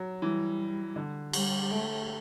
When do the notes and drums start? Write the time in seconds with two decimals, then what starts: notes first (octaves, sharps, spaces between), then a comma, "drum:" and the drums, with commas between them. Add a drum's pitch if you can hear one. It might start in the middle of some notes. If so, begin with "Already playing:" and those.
Already playing: F#3
0.22 E3 G3
0.96 D3
1.33 G3, drum: cymbal
1.71 A3